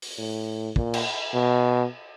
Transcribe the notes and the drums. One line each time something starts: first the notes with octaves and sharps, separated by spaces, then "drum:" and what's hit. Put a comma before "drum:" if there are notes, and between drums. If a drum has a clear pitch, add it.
drum: open hi-hat
A2
A#2, drum: kick
drum: cymbal
B2